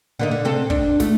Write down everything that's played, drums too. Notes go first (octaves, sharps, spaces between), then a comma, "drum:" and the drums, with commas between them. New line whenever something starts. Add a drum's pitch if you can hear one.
D3 A#3 D#4
D3
C3 C4 A4
D4, drum: kick
A3, drum: snare